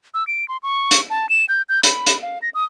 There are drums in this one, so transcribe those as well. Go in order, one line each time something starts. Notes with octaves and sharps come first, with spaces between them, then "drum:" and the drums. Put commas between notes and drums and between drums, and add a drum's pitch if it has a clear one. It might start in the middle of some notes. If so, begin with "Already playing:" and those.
E6
D7
C6
C#6
drum: hi-hat
A5
E7
G6
G6
B5, drum: hi-hat
drum: hi-hat
F5
A#6
D#6